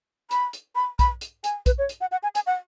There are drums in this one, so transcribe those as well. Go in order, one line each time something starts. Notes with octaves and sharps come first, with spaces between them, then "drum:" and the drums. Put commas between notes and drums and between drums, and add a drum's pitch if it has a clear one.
B5, drum: hi-hat
drum: hi-hat
B5
B5, drum: kick, hi-hat
drum: hi-hat
G#5, drum: hi-hat
B4, drum: kick, hi-hat
C#5
drum: hi-hat
F#5
F#5
G#5
G#5, drum: hi-hat
F#5